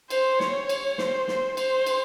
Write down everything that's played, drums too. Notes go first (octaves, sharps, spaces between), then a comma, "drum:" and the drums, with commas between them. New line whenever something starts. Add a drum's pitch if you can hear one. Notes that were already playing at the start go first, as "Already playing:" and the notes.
C5, drum: cymbal
C#5, drum: snare
drum: cymbal
C5, drum: snare
C5, drum: snare
C5, drum: cymbal
drum: cymbal